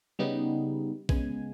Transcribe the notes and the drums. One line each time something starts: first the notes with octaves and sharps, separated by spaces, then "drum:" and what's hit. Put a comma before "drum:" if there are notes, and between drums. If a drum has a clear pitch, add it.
C#3 G3 B3 D#4
C#3 G#3 B3 G#5, drum: kick